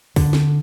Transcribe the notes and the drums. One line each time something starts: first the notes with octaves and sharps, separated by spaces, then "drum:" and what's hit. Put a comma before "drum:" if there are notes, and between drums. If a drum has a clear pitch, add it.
D3, drum: kick, open hi-hat
drum: snare